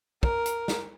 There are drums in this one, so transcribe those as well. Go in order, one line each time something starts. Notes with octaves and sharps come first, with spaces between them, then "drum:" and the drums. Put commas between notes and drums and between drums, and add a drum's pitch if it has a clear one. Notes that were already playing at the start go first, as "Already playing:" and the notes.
A#4, drum: kick
drum: hi-hat
drum: snare